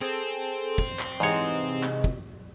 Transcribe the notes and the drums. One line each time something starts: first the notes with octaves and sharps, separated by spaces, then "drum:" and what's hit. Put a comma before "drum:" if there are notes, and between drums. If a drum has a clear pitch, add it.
C4 G#4 A4 C5
drum: kick
drum: clap
G#2 C3 E3 G#3 D#4 C#5 D#5
drum: clap
drum: kick